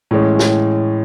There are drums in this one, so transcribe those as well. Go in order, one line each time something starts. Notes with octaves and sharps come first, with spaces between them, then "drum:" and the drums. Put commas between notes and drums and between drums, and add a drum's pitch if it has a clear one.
A2 E3 G#3 C#4
drum: snare